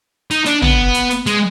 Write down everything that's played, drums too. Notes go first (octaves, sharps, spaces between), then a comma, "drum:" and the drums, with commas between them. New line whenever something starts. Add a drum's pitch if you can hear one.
D#4, drum: hi-hat
D4, drum: hi-hat
B3, drum: tom
drum: hi-hat
drum: hi-hat
G#3, drum: hi-hat